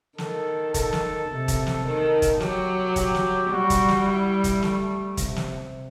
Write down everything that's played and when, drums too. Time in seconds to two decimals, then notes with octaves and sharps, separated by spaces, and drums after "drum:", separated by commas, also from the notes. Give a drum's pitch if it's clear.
0.18 D#3 A4, drum: snare
0.74 A4, drum: kick, hi-hat
0.93 drum: snare
1.30 C3
1.48 drum: kick, hi-hat
1.67 drum: snare
1.85 D#3
2.22 drum: kick, hi-hat
2.40 F#3 G4, drum: snare
2.96 G4, drum: kick, hi-hat
3.14 drum: snare
3.51 G3 F#4
3.70 drum: kick, hi-hat
3.88 drum: snare
4.07 E4
4.44 drum: kick, hi-hat
4.63 A3, drum: snare
5.17 C3, drum: kick, hi-hat
5.36 drum: snare